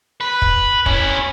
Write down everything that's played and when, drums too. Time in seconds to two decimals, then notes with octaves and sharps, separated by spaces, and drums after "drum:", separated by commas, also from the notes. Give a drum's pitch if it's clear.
0.21 B4
0.42 drum: kick
0.86 C#4 E4, drum: kick